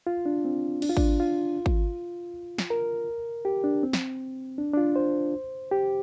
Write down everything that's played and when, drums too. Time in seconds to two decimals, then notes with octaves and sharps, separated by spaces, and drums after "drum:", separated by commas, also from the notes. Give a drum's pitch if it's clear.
0.07 F4
0.26 D4
0.45 C4
0.82 D4, drum: cymbal
0.90 F4
0.97 D4, drum: kick G#1
1.20 F4
1.66 drum: kick G#1
2.58 drum: snare
2.70 A#4
3.45 G4
3.64 D4
3.83 C4
3.93 drum: snare
4.58 D4
4.73 D4
4.77 F4
4.96 C5
5.72 G4